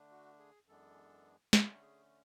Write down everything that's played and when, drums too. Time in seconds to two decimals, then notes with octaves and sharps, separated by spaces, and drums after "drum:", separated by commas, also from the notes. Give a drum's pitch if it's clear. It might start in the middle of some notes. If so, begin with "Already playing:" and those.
Already playing: D3 A3 D4
0.11 F#4
0.39 G#4
0.67 F#2 E3 G#3 B3 D4 A4
1.53 D3 A3 C#4 A4, drum: snare
1.81 G#4